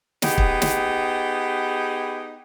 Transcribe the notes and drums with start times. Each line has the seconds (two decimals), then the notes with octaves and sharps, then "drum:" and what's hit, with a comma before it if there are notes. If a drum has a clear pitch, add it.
0.22 B3 D#4 G4 G#4, drum: snare
0.38 drum: kick
0.62 drum: snare